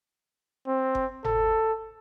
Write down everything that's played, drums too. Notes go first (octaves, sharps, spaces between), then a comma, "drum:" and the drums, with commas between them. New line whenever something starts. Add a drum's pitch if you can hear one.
C4
drum: kick G1
A4, drum: tom G1